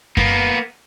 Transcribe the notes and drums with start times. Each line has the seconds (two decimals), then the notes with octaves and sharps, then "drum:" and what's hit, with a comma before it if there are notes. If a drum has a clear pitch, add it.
0.17 A#3 B3, drum: kick F#2